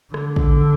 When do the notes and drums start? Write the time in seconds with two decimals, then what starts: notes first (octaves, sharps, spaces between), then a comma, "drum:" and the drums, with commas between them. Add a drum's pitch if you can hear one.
0.14 D3, drum: rim click
0.36 drum: kick